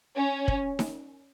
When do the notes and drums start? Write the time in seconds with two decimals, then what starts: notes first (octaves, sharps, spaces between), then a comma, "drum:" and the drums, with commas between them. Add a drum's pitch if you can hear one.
0.17 C#4
0.48 drum: kick
0.79 drum: snare D#4